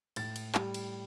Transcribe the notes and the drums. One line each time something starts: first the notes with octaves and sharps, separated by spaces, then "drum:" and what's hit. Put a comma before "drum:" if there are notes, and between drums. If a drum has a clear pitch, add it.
A2 A6, drum: cymbal
drum: cymbal
G3, drum: clap
drum: cymbal